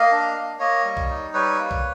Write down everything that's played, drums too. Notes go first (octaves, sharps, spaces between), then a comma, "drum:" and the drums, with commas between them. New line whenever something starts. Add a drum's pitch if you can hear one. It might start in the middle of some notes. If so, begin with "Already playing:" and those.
Already playing: A#3 D#5 F5
D4
A#3
A#3 C#5 D#5
G3
drum: kick B1
D#4
G3 B4 C#5
A#3
drum: kick B1